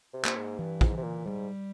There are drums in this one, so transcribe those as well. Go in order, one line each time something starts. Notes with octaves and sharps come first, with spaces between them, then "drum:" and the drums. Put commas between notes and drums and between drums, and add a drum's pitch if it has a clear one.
C3
A#3, drum: clap
G#2
G2 E3
G#2, drum: kick
E3
C3
A#2
G#2 G3